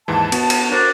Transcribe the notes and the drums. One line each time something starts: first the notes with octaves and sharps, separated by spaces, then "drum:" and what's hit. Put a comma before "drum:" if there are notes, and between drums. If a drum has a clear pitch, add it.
D#2 G#2 E3 A5
B3 F#4, drum: cymbal
drum: cymbal
D4 F#4 A#4 C5